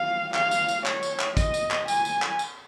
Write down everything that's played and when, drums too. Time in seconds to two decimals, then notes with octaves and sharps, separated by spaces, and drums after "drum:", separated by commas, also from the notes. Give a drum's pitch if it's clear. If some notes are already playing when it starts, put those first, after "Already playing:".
Already playing: F5
0.34 F5, drum: clap
0.51 drum: tambourine
0.68 drum: tambourine
0.86 C#5, drum: clap
1.03 drum: tambourine
1.20 drum: clap
1.37 D#5, drum: kick, tambourine
1.54 drum: tambourine
1.71 drum: clap
1.88 G#5, drum: tambourine
2.05 drum: tambourine
2.22 drum: clap
2.39 drum: tambourine